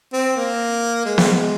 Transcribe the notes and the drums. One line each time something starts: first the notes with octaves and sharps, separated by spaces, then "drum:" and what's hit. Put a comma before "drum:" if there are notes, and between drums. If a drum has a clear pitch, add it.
C4
A#3
G#3
drum: snare
G#3